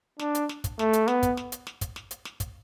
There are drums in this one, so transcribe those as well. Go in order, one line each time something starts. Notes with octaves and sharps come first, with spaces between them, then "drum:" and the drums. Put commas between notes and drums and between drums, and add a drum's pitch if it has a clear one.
D4, drum: snare
drum: hi-hat
drum: snare
drum: kick, hi-hat
A3, drum: snare
drum: hi-hat
B3, drum: snare
drum: kick, hi-hat
drum: snare
drum: hi-hat
drum: snare
drum: kick, hi-hat
drum: snare
drum: hi-hat
drum: snare
drum: kick, hi-hat